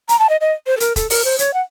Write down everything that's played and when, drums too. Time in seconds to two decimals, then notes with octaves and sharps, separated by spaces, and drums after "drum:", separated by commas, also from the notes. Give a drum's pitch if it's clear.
0.09 A#5, drum: hi-hat
0.19 A5
0.30 D#5
0.41 D#5
0.67 C5
0.77 A4
0.80 A#4, drum: hi-hat
0.96 A4, drum: kick E1, hi-hat
1.10 A#4, drum: open hi-hat
1.25 C5
1.39 C#5, drum: hi-hat
1.54 F#5